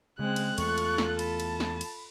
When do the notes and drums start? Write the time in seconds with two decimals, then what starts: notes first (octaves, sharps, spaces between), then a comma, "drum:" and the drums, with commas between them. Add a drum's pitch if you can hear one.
0.19 C#3 G#3 C4 F#6
0.36 drum: cymbal
0.58 E2 A3 F4 A4 C#6, drum: cymbal
0.78 drum: cymbal
0.98 drum: snare
1.19 A5 B5, drum: cymbal
1.40 drum: cymbal
1.60 drum: snare
1.81 drum: cymbal